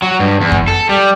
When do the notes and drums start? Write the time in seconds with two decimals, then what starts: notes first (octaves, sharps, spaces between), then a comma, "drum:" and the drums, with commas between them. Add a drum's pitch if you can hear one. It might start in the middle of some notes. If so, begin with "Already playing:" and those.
0.02 F#3
0.19 G2
0.41 E2
0.52 drum: kick F#2
0.68 A4
0.89 G3